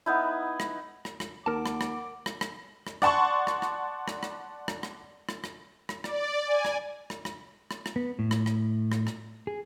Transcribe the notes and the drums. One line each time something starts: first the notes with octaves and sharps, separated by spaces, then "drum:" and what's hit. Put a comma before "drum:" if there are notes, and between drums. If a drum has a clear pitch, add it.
B3 D#4 E4
drum: rim click
drum: rim click
drum: rim click
D#2 A#4 F#5 A5 D6
drum: rim click
drum: rim click
drum: rim click
drum: rim click
drum: rim click
D5 F#5 A5 C6 C#6, drum: rim click
drum: rim click
drum: rim click
drum: rim click
drum: rim click
drum: rim click
drum: rim click
drum: rim click
drum: rim click
drum: rim click
D5, drum: rim click
G#5
drum: rim click
drum: rim click
drum: rim click
drum: rim click
drum: rim click
B3
A2
drum: rim click
drum: rim click
drum: rim click
drum: rim click
G#4